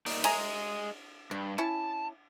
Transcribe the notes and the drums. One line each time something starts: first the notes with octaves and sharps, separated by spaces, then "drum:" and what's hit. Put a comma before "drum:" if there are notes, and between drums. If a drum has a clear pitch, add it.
A#3 D#4 D5, drum: open hi-hat
G#4 D#5 E5 G#5 A#5, drum: cymbal
G2 D4
C#4 E4 A5